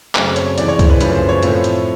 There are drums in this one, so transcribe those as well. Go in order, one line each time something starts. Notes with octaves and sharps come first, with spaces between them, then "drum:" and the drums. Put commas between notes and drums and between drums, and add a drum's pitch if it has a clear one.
F#2 C#3 F#3 A3 C4 C5, drum: clap
C#5, drum: hi-hat
F2 C3 E3 G#3 D5, drum: hi-hat
C#5
C5, drum: kick, hi-hat
B4
F#2 C#3 F3 A3 B4, drum: hi-hat
C5
C#5
A2 F3 A3 C4, drum: hi-hat
drum: hi-hat